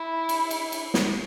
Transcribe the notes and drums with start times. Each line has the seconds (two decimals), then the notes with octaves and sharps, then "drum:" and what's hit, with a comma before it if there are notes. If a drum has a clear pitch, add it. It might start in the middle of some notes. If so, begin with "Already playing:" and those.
Already playing: E4
0.29 drum: cymbal
0.51 drum: cymbal
0.72 drum: cymbal
0.94 drum: snare